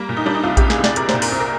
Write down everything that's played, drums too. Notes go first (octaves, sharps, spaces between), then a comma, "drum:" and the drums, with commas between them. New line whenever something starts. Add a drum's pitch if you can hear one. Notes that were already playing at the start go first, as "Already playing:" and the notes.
Already playing: G3 A#3
A#2
D#4
G3 D4
D#4
C2 F4
C2 G4, drum: kick A#1, hi-hat
G#4, drum: snare
C2
D5, drum: snare
C2 A#4, drum: hi-hat
A#2 C5, drum: snare
A#4, drum: open hi-hat
C2
A#4